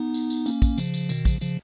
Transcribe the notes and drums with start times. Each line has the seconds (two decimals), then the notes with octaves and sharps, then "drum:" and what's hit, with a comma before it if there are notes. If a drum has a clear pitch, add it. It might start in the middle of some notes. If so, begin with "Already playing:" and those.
Already playing: B3 D#4
0.14 drum: tambourine
0.30 drum: tambourine
0.46 A#3 C#4, drum: tambourine
0.62 drum: kick, tambourine
0.78 C#3 F3, drum: tambourine
0.94 drum: tambourine
1.09 B2 D#3, drum: tambourine
1.25 C#3 F3, drum: kick, tambourine
1.41 C#3 F3, drum: tambourine